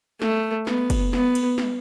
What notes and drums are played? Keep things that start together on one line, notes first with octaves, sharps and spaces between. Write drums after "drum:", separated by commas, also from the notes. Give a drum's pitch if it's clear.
A3, drum: snare
B3, drum: snare
drum: kick, cymbal
B3, drum: snare
drum: cymbal
drum: snare